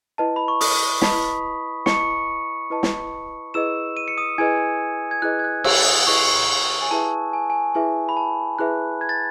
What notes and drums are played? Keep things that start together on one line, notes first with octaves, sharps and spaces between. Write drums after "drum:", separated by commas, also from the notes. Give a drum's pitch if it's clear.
E4 B4 D#5 A5
B5
C#6
D#6, drum: open hi-hat
E4 B4 D#5 A5 B5 B6, drum: snare
E4 B4 D#5 A5 C#6 C#7, drum: snare
E4 B4 D#5 A5
drum: snare
E4 G#4 B4 D#5 E6 E7
D#7
C#7
D#6 D#7
E4 G#4 B4 D#5 G#5 G#6
G#6
E4 G#4 B4 D#5 F#6
G#6
F#6
E6, drum: cymbal
D#6
E4 G#4 B4 D#5 C#6
G#5
E4 G#4 B4 E5 A5
G#5
G#5
E4 G#4 B4 E5 G#5
B5
A5
E4 G#4 B4 E5 F#6
G#6
A6